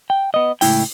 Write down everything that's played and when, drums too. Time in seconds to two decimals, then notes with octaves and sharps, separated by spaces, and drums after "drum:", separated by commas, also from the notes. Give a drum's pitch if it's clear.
0.10 G5
0.34 B3 D#5
0.61 C#2 A2 E4 G5, drum: open hi-hat